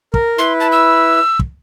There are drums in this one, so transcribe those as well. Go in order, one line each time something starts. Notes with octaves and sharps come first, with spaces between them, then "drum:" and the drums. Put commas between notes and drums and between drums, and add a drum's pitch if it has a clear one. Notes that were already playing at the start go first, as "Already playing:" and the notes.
A#4, drum: kick
E4 B4 C6
A5
E6
drum: kick